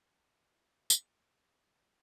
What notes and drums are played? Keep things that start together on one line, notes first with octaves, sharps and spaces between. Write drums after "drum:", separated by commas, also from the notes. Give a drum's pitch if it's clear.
F#5
F3
B2
E5
G5, drum: tambourine
A#3
B3
D#3
A3